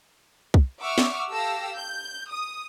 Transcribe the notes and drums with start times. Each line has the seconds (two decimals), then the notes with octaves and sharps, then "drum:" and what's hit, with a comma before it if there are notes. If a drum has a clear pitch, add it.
0.54 drum: kick
0.80 E5 F#5 C#6 D6 E6 F6
0.98 drum: snare
1.30 G4 A4 F5 G5 E6 A#6
1.78 G6
2.31 D#6